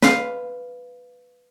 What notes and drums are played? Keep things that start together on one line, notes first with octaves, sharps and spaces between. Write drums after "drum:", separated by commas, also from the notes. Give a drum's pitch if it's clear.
B4 F5, drum: snare